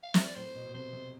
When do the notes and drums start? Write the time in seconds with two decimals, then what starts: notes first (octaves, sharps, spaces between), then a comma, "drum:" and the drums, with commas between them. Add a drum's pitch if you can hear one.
0.03 F5
0.14 E5, drum: snare
0.25 D5
0.35 A2 C5
0.55 B2
0.66 B2
0.74 C3 C5
0.93 C3